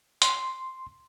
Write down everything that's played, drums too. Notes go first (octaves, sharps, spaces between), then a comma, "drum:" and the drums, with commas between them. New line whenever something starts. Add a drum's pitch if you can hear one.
C6, drum: hi-hat